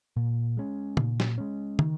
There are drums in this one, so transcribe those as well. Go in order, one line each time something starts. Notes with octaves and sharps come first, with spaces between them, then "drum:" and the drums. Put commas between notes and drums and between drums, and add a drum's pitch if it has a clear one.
A#2
G#3 C#4
A#2, drum: tom
drum: snare
G#3 C#4
D#3, drum: tom